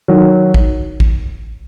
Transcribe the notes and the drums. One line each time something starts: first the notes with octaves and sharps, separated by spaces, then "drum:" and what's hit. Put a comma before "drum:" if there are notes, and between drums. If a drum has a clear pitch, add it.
D#3 F#3
drum: kick
drum: kick